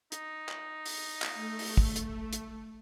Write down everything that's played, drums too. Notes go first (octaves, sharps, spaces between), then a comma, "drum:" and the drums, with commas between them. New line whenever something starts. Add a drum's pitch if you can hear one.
D#4, drum: hi-hat
drum: clap
drum: open hi-hat
drum: clap
A3
drum: open hi-hat
drum: kick
drum: hi-hat
drum: hi-hat